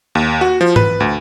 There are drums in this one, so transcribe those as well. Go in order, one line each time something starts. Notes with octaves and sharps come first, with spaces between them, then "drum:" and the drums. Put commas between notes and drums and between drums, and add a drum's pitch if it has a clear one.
D#2
F#4
F3
B4, drum: tom G#2
D2